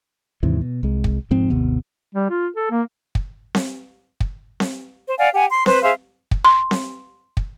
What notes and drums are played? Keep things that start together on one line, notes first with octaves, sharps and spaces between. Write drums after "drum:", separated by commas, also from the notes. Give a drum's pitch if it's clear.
D#2 G#2 C3 E3
B2
C2 G#3
drum: kick
E1 G#2 F3 C4
G#1 D#2 C3 B3
G3
F4
A4
A#3
drum: kick
drum: snare C4
drum: kick
drum: snare C4
C5
D5 F5 F#5 G#5
G4 F#5 G#5
C6
B4 C5 F#6, drum: snare C4
G#4 C5 E5 F5
drum: kick
C6
drum: snare C4
drum: kick